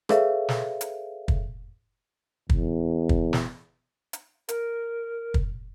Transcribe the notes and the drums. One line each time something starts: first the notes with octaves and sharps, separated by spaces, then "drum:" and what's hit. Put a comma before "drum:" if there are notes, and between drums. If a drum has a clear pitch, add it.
G#4 A4 B4 C#5 E5 F5, drum: rim click
drum: snare
drum: hi-hat
drum: kick
E2, drum: kick
drum: kick
drum: snare
drum: hi-hat
A#4, drum: hi-hat
drum: kick